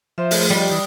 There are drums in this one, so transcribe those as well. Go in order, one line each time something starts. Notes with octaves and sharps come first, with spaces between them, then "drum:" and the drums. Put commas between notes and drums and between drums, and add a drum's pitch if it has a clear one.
F3 C5 E5
A3 G#4, drum: open hi-hat
G3 G4 D#5
E3 D#6